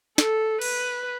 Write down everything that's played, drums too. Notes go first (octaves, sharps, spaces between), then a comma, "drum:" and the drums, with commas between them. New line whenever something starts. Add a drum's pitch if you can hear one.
A4, drum: snare
B4, drum: cymbal